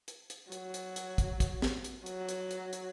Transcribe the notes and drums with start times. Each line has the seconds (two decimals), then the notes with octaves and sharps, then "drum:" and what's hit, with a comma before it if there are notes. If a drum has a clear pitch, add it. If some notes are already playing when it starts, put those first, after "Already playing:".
0.08 drum: hi-hat
0.30 drum: hi-hat
0.52 F#3, drum: hi-hat
0.74 drum: hi-hat
0.96 drum: hi-hat
1.18 drum: kick, hi-hat
1.40 drum: kick, hi-hat
1.62 drum: snare
1.84 drum: hi-hat
2.06 F#3, drum: hi-hat
2.29 drum: hi-hat
2.51 drum: hi-hat
2.73 drum: hi-hat